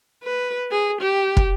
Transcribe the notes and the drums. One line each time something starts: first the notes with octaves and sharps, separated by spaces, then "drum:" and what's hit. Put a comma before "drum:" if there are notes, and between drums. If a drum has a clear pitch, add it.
B4
G#4
G4
drum: kick